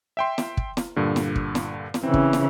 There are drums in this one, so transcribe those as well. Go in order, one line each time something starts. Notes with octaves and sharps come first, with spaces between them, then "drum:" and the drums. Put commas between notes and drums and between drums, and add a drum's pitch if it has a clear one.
E5 G5 C6
drum: snare
drum: kick
drum: snare
G2 A#2 D3
drum: snare
drum: kick
drum: snare
drum: snare
C#3 E3 C4
drum: kick
drum: snare